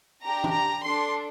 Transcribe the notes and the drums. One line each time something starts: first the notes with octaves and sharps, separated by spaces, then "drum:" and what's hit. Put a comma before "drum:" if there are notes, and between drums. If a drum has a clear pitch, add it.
D4 G4 A#5
drum: tom
A#5
D4 A4 C6